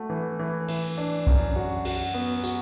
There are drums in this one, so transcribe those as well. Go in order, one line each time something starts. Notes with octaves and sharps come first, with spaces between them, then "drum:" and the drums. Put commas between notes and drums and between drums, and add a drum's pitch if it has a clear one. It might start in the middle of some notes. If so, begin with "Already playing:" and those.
Already playing: A3 F#4
E3
E3
E3, drum: cymbal
D4
F#2, drum: kick B1
F#4
F#4, drum: cymbal
B3
F#4, drum: tambourine